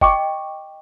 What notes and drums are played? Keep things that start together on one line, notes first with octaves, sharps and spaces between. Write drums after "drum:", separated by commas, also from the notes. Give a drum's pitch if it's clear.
D#5 G5 C#6 D6, drum: kick F#1